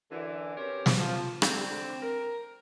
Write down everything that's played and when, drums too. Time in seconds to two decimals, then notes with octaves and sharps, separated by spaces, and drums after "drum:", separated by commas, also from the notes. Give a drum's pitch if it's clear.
0.11 F#2 D3 E3
0.57 C4 C#4 G4 A#4 B4 C#5
0.86 drum: snare
0.98 F3
1.42 D3 C4, drum: rim click
2.03 A#4